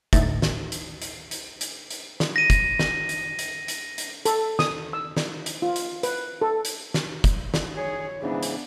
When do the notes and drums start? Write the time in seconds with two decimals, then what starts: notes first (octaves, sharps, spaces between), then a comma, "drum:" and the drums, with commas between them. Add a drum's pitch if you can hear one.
0.13 D2 A2 A3 D#4 E5 A6, drum: kick, hi-hat
0.42 drum: snare
0.72 drum: hi-hat
1.02 drum: hi-hat
1.31 drum: hi-hat
1.61 drum: hi-hat
1.91 drum: hi-hat
2.20 drum: snare
2.36 A#6 D#7
2.50 drum: kick, hi-hat
2.79 drum: snare
3.09 drum: hi-hat
3.39 drum: hi-hat
3.68 drum: hi-hat
3.98 drum: hi-hat
4.25 A4, drum: hi-hat
4.59 D#6, drum: snare
4.93 E6
5.17 drum: snare
5.46 drum: hi-hat
5.62 F4
5.76 drum: hi-hat
6.03 B4, drum: hi-hat
6.42 A4
6.65 drum: hi-hat
6.94 drum: snare
7.24 drum: kick, hi-hat
7.54 drum: snare
7.76 G#4 C#5
8.22 G#2 C#3 E3 B3 D4
8.43 drum: hi-hat